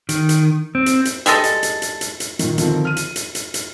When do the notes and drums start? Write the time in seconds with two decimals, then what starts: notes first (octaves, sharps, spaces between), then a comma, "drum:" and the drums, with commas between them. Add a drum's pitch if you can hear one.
0.09 D#3, drum: hi-hat
0.29 drum: hi-hat
0.75 C4
0.86 drum: hi-hat
1.05 drum: hi-hat
1.26 G3 G#3 A4 D#5, drum: hi-hat
1.44 drum: hi-hat
1.63 drum: hi-hat
1.82 drum: hi-hat
2.01 drum: hi-hat
2.20 drum: hi-hat
2.39 A#2 D#3, drum: hi-hat
2.58 D3 D#3 F3 C4, drum: hi-hat
2.85 F6 D#7
2.97 drum: hi-hat
3.16 drum: hi-hat
3.35 drum: hi-hat
3.54 drum: hi-hat